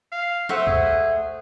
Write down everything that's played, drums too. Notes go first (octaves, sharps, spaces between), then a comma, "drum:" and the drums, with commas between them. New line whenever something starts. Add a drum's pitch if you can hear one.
F5
A3 C5 E5 F#5, drum: snare
G#4, drum: kick C#2